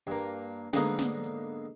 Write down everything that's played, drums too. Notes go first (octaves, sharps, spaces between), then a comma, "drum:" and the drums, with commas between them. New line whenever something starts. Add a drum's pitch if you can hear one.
G2 A#3
G#2 D3 A#3 B3 D#4, drum: snare
drum: snare
drum: hi-hat